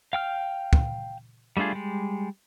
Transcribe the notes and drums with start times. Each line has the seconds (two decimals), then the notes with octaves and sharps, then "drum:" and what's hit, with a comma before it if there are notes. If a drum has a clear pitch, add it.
0.13 F5 G5 F6
0.73 drum: kick
1.57 G3 A3 D4 F4 G#4
1.72 G3 G#3